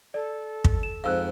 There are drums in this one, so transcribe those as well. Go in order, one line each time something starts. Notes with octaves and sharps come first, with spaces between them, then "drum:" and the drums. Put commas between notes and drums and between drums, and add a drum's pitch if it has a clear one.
A4 D5
drum: kick
E7
F2 G#2 F5 E6 F#6